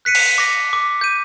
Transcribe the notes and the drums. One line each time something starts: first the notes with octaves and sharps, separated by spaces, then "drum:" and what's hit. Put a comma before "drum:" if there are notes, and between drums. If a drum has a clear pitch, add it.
F#6 B6 C#7 D#7
drum: cymbal
D6 A#6
D6
G6 D#7